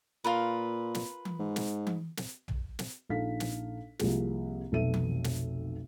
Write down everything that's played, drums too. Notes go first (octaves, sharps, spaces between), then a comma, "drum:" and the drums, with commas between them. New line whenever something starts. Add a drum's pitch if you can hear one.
A#2 F4 A#4 B4
drum: snare
drum: tom E3
G#2
drum: snare
drum: tom E3
drum: snare
drum: tom
drum: snare
A#1 D#4 A4 F5 B6
drum: snare
C2 F3 A#3 G4 G#4, drum: snare
F1 B1 B2 A4 E5 D#7
drum: tom E3
drum: snare